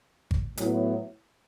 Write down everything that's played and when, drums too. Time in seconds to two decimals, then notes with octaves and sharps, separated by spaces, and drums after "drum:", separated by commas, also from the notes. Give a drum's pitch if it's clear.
0.31 drum: kick G#1
0.57 A2 F#3 B3 E4, drum: hi-hat